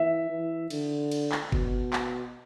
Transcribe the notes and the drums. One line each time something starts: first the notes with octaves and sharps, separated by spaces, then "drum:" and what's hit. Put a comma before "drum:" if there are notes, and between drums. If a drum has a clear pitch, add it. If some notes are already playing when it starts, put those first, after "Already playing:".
Already playing: E3 E5
E3
D3, drum: cymbal
drum: cymbal
drum: clap
B2, drum: kick G1
drum: clap